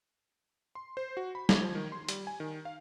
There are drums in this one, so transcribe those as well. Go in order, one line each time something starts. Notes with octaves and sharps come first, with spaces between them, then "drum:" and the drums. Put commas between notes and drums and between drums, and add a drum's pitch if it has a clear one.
C6
C5
F#4
B5
G#6, drum: snare
F3
D#3
C6
G3, drum: hi-hat
G#5
D#3
F5